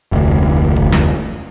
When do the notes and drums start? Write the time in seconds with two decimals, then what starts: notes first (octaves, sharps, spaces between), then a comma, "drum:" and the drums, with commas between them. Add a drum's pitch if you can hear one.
0.12 F1 D2
0.76 drum: kick
0.92 drum: snare